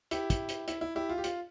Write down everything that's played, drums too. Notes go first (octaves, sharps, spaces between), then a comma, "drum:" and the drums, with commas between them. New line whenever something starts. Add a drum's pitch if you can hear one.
E4 G4, drum: hi-hat
drum: kick, hi-hat
drum: hi-hat
E4, drum: hi-hat
E4
E4 G4
F4
G4
F4, drum: hi-hat